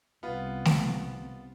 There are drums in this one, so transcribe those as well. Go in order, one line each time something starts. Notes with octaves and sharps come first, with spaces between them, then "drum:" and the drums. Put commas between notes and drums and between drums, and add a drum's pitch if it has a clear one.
C2 B3 F4
drum: snare A3